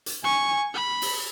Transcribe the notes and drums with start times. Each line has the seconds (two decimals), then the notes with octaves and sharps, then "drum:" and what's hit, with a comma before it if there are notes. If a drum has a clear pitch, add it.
0.06 drum: hi-hat
0.24 G#5 C#6
0.73 B5
1.02 drum: open hi-hat